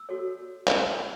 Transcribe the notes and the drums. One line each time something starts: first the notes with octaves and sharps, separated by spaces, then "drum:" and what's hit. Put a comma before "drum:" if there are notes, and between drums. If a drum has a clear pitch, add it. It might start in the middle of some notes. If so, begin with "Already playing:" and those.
Already playing: E6
F#4 A4 C#5
drum: clap